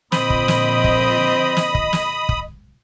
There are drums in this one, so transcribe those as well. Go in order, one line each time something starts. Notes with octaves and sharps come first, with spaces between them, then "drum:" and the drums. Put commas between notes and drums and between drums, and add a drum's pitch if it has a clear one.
A#2 D3 F3 C4 D#5 B5 D#6, drum: snare
drum: kick
drum: snare
drum: kick
drum: snare
drum: kick
drum: snare
drum: kick